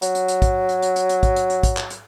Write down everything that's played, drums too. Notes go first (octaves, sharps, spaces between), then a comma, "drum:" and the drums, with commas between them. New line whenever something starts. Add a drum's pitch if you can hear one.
F#3, drum: hi-hat
drum: hi-hat
drum: hi-hat
drum: kick, hi-hat
drum: hi-hat
drum: hi-hat
drum: hi-hat
drum: hi-hat
drum: kick, hi-hat
drum: hi-hat
drum: hi-hat
drum: kick, hi-hat
drum: clap
drum: hi-hat